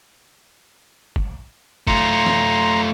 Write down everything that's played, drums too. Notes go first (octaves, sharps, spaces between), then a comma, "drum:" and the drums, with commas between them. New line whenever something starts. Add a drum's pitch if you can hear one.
drum: kick
A3 F4 A#5 C6, drum: kick
drum: snare